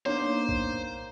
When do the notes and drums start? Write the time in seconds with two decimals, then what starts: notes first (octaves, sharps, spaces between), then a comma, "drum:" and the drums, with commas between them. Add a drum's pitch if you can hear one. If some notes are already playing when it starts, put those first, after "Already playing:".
0.06 A#3 B3 D4 D#4 C5 C#5
0.49 drum: kick